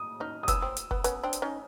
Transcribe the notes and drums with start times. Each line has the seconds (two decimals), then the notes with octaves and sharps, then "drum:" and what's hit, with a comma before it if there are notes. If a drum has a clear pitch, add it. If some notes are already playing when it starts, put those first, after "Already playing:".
Already playing: D#6
0.20 C#4 D#4 F6
0.43 D#6
0.48 B3 C#4 E6, drum: kick, hi-hat
0.62 C4
0.77 drum: hi-hat
0.91 B3, drum: kick
1.04 B3 C#4, drum: hi-hat
1.23 C4 D4
1.33 drum: hi-hat
1.42 C#4 D#4